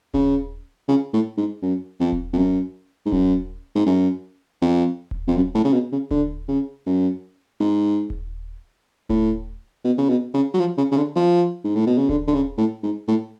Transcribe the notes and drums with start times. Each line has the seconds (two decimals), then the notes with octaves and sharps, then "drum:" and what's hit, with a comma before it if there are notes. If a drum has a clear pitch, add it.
0.14 C#3, drum: kick D#1
0.88 C#3
1.13 A2
1.37 G#2
1.62 F#2
2.00 F2
2.12 drum: kick D#1
2.33 F2
2.37 F#2
3.05 G#2
3.12 F#2, drum: kick D#1
3.75 G#2
3.86 F#2
4.62 F2
5.11 drum: kick D#1
5.27 F2
5.36 F#2
5.55 A2
5.64 C#3
5.73 B2
5.92 C#3
6.11 D3, drum: kick D#1
6.48 C#3
6.86 F#2
7.60 G#2
8.10 drum: kick D#1
9.09 A2, drum: kick D#1
9.84 B2
9.98 C#3
10.09 B2
10.34 C#3
10.54 F#3
10.59 F3
10.77 C#3
10.91 C#3
10.97 D3
11.16 F3
11.64 G#2
11.75 A2
11.86 B2
11.98 C#3
12.09 D3, drum: kick D#1
12.27 D3
12.34 C#3
12.58 A2
12.83 G#2
13.08 A2